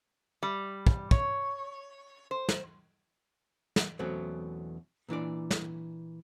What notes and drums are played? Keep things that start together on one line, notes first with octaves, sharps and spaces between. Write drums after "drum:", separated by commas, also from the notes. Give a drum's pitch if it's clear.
G3
drum: kick
C#5, drum: kick
C5
drum: snare
drum: snare
E2 B2 F#3 A3 C4 C#4
A#2 E3 D4 D5
drum: snare